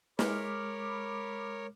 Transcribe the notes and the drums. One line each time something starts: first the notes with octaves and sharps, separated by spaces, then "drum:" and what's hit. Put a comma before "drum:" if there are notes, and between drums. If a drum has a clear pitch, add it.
G#3 A#4 C#5 B5 D6 F6, drum: snare